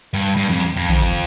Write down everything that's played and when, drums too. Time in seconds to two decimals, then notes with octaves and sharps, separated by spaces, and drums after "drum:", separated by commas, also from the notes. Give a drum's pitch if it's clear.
0.14 G2
0.36 G2
0.49 F2
0.59 drum: hi-hat
0.76 F2
0.89 drum: tom